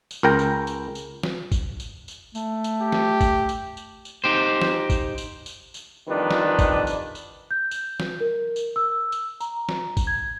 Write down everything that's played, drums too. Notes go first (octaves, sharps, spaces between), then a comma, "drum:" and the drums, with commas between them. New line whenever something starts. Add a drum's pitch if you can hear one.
drum: tambourine
C#2 A#4 G5 A#5
drum: tambourine
drum: tambourine
drum: tambourine
drum: snare
drum: kick, tambourine
drum: tambourine
drum: tambourine
A3, drum: tambourine
drum: tambourine
G4
drum: snare
drum: kick, tambourine
drum: tambourine
drum: tambourine
drum: tambourine
D#4 G4 C5
drum: snare
drum: kick, tambourine
drum: tambourine
drum: tambourine
drum: tambourine
F2 D#3 E3 G3 D4 B4
drum: snare
drum: kick, tambourine
drum: tambourine
drum: tambourine
G6
drum: tambourine
drum: snare
A#4
drum: tambourine
E6
drum: tambourine
A#5, drum: tambourine
drum: snare
drum: kick, tambourine
G#6